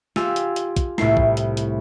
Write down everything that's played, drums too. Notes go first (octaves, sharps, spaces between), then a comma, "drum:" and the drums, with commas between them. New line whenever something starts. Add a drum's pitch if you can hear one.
F4 G4 G#5 E6, drum: snare
drum: hi-hat
drum: hi-hat
drum: kick, hi-hat
C2 A2 A3 E4 C7, drum: snare
drum: kick
drum: hi-hat
drum: hi-hat